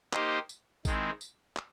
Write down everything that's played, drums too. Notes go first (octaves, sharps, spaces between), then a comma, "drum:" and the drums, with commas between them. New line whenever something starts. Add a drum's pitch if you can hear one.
A#3 D#4 G4 C5 D#5, drum: clap
drum: tambourine
D#3 G#3 C4 E4, drum: kick A1, tambourine
drum: tambourine
drum: clap